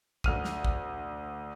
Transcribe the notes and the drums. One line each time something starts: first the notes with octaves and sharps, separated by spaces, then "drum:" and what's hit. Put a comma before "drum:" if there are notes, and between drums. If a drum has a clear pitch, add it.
D2 F6 D#7, drum: kick
drum: snare
drum: kick